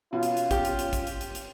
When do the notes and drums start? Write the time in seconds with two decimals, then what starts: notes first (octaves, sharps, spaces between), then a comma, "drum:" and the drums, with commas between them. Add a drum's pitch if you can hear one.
0.13 B2 C#4 F4
0.23 drum: hi-hat
0.37 drum: hi-hat
0.51 G4, drum: kick A1, hi-hat
0.65 drum: hi-hat
0.79 drum: hi-hat
0.93 drum: kick A1, hi-hat
1.07 drum: hi-hat
1.21 drum: hi-hat
1.35 drum: hi-hat